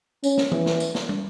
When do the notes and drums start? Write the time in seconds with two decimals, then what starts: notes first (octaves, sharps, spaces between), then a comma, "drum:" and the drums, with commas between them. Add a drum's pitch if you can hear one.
0.24 C#4, drum: tambourine
0.37 drum: snare
0.51 E3, drum: tom
0.66 drum: snare
0.80 drum: tambourine
0.95 drum: snare
1.09 drum: tom